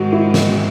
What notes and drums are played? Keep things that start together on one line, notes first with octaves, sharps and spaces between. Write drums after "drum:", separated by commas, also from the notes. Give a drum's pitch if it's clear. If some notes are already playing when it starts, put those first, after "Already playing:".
Already playing: G#2 D#3 G#3 C4 F#4
E4
drum: snare